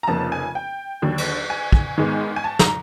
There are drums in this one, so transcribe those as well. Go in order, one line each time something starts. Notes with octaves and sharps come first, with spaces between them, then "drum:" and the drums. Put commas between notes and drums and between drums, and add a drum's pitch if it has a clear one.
A#5
F1 F2 C#3 F3 A#3 A5
G#5
G5
D#2 D3 F#3
drum: cymbal
G#5
drum: kick
G#2 D#3 G#3 B3
G#5
A5
A#5, drum: snare